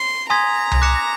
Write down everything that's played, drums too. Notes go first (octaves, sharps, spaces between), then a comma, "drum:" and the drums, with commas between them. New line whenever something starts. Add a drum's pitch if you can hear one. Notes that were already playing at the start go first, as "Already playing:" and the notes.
Already playing: C6
G#5 A#5 C6 D#6 G#6 B6
drum: tom C2
D6 F#6 A#6 C#7 E7